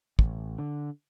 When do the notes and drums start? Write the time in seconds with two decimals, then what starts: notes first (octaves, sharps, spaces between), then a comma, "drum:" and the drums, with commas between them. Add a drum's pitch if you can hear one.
0.19 A1, drum: kick
0.58 D3